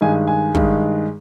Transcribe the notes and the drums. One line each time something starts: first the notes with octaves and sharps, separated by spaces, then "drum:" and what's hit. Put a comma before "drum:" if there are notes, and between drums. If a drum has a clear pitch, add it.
G2 D#3 G#3 G#5
G#5
G2 D#3 G#3, drum: kick